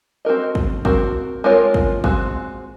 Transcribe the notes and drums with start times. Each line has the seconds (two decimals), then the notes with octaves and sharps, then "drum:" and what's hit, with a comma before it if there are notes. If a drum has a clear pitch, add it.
0.25 C4 F#4 A#4 D#5
0.55 drum: kick
0.85 C4 F#4 A#4, drum: kick
1.44 G#3 C4 F4 A#4 C#5
1.74 drum: kick
2.04 G#3 C4 F#4, drum: kick